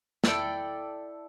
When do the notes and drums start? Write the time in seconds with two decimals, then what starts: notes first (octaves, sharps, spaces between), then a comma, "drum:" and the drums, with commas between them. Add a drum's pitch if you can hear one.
0.24 E4 A4 D5 G5, drum: snare